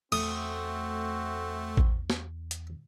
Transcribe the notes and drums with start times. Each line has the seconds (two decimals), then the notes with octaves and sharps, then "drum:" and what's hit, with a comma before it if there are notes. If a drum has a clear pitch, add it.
0.12 E2 A3 C4 F#4 D#6, drum: cymbal
1.77 drum: kick A1
2.10 drum: snare
2.51 drum: hi-hat